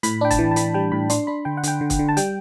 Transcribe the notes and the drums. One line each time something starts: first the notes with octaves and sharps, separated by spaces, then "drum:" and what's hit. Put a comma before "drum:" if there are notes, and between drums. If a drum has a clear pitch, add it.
A2 B5, drum: hi-hat
D4 G5
A5, drum: kick, hi-hat
E3
A5
E3 B5, drum: hi-hat
G3 G5
A2 B5
D4 C6, drum: hi-hat
D4 B5
D3 G5
F#5
D3 G5, drum: hi-hat
D3
drum: kick, hi-hat
D3
A5
G3 G5, drum: hi-hat